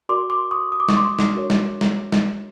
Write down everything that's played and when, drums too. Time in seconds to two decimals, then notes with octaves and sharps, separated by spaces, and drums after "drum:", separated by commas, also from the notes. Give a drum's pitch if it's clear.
0.09 F#4 A#4 D5 C6 D6
0.30 C6 D6
0.51 C#6 D#6
0.72 D#6
0.80 D6
0.88 C#6, drum: snare
0.97 C6 D6
1.19 drum: snare
1.34 D4 F#4 A#4 C#5
1.50 drum: snare
1.81 drum: snare
2.12 drum: snare